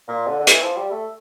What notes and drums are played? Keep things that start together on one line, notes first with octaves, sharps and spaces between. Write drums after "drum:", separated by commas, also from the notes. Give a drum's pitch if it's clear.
A#2
D3
D3
E3, drum: hi-hat
F3
G3
A3